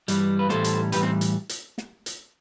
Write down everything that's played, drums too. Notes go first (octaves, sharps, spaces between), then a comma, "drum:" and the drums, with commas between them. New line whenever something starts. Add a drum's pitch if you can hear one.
G2 E3 G3, drum: hi-hat
B4
A2 E3 G3 A4 C5, drum: snare
drum: hi-hat
A2 E3 G3 G4 B4, drum: hi-hat
C4
drum: hi-hat
drum: hi-hat
drum: snare
drum: hi-hat